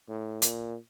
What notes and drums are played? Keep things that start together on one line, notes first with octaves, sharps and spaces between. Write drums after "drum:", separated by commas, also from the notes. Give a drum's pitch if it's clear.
A2
A#2, drum: hi-hat